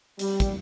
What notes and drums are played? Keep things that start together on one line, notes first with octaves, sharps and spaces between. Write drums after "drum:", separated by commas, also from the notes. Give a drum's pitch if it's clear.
G3, drum: hi-hat
drum: kick, hi-hat